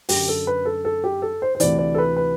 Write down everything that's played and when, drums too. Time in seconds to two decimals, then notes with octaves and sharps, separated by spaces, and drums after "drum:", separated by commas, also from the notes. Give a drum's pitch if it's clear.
0.09 F#2 D3 G4, drum: open hi-hat
0.28 A4
0.47 B4
0.65 A4
0.85 A4
1.04 G4
1.22 A4
1.42 C5
1.55 C5
1.60 D2 C3 E3 D5, drum: hi-hat
1.79 D5
1.94 A4
1.98 B4
2.17 B4